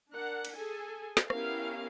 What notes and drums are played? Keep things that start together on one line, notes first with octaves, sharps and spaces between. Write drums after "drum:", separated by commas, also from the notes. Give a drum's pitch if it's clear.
D4 A#4 F#5
drum: cymbal
G#4 A4 G#5
drum: snare
B3 C#4 E4 G4 A#4 F5, drum: rim click